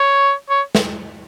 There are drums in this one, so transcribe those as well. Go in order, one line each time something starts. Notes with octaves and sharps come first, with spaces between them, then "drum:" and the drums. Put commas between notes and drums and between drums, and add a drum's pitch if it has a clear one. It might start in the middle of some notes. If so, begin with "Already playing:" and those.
Already playing: C#5
C#5
drum: snare